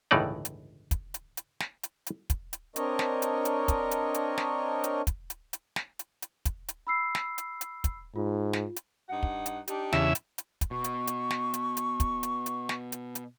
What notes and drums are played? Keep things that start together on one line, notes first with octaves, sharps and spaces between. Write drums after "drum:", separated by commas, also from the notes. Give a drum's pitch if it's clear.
G1 C#2 A2 E3 D#4 D5
drum: hi-hat
drum: kick, hi-hat
drum: hi-hat
drum: hi-hat
drum: snare
drum: hi-hat
drum: hi-hat
drum: kick, hi-hat
drum: hi-hat
C4 D4 A#4 C#5 D#5, drum: hi-hat
drum: snare
drum: hi-hat
drum: hi-hat
drum: kick, hi-hat
drum: hi-hat
drum: hi-hat
drum: snare
drum: hi-hat
drum: kick, hi-hat
drum: hi-hat
drum: hi-hat
drum: snare
drum: hi-hat
drum: hi-hat
drum: kick, hi-hat
drum: hi-hat
B5 E6 C7
drum: snare
drum: hi-hat
drum: hi-hat
drum: kick, hi-hat
G#2 F4
drum: snare
drum: hi-hat
G2 D#4 F#5
drum: kick
drum: hi-hat
D4 D#4 G4, drum: hi-hat
E2 C#3 E5, drum: snare
drum: hi-hat
drum: hi-hat
drum: kick, hi-hat
B2 C#6
drum: hi-hat
drum: hi-hat
drum: snare
drum: hi-hat
drum: hi-hat
drum: kick, hi-hat
drum: hi-hat
drum: hi-hat
drum: snare
drum: hi-hat
drum: hi-hat